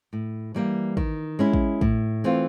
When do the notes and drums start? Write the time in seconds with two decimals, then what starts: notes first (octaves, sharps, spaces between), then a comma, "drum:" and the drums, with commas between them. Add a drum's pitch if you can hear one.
0.13 A2
0.54 E3 G3 A#3
0.97 D#3, drum: kick
1.39 G#3 C#4 E4
1.53 drum: kick
1.81 A2, drum: kick
2.24 E3 A3 C4 F4